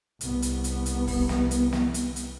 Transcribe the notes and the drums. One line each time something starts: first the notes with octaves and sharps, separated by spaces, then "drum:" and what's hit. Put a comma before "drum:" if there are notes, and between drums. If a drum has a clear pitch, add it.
C2 B3, drum: hi-hat
drum: hi-hat
drum: hi-hat
drum: hi-hat
drum: kick, open hi-hat
drum: snare
drum: hi-hat
drum: snare
drum: hi-hat
drum: hi-hat